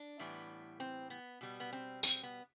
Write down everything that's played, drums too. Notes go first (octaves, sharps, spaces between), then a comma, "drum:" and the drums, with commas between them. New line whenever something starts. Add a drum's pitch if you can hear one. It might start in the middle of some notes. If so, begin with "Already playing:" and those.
Already playing: D4
A2 E3 G3 B3
C4
B3
B2 G3 B3
B3
C4
C4, drum: tambourine
B3